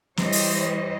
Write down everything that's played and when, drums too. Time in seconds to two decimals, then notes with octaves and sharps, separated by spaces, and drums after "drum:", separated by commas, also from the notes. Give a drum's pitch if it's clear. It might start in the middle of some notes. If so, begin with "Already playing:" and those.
0.17 E3 G3 C5 C#5 D#5, drum: snare
0.32 drum: open hi-hat